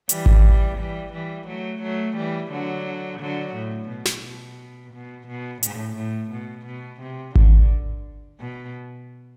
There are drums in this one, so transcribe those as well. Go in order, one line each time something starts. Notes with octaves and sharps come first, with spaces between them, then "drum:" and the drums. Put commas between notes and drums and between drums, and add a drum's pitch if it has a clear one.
E3 G3, drum: hi-hat
drum: kick G#1
E3 G3
E3 G3
F#3 A3
F#3 A3
E3 G3
D3 F#3
D3 F#3
A2
B2
drum: snare
B2
B2
B2
A2, drum: hi-hat
A2
B2
B2
C3
D3, drum: kick G#1
B2